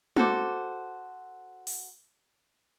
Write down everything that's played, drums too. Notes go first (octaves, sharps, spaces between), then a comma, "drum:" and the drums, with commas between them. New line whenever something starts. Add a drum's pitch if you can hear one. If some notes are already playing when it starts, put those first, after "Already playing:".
F#4 A4 C5 D6, drum: tom
drum: open hi-hat